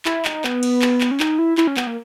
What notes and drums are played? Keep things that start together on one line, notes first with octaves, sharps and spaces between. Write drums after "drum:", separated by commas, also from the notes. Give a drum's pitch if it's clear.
E4, drum: clap
D#4, drum: clap
B3, drum: clap
drum: cymbal
drum: clap
drum: clap
C#4
D#4, drum: clap
E4
E4, drum: clap
C#4
B3, drum: clap
A#3